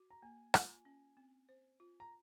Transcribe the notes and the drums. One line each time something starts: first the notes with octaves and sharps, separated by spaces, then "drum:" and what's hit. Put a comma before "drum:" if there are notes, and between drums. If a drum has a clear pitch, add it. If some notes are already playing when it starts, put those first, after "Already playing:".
Already playing: F#4
A#5
A#3 G#5
F4, drum: rim click
C#4
C4
C5
F4
A#5